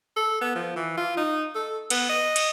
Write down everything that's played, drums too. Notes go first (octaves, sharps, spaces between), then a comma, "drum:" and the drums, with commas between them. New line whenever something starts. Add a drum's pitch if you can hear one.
A4
B3
F3
E3
F4
D#4
A4
B3, drum: cymbal
D#5
drum: cymbal